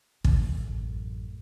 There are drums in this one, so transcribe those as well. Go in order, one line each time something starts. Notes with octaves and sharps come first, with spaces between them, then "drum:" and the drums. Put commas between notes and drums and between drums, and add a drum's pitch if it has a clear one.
A1 F#2, drum: kick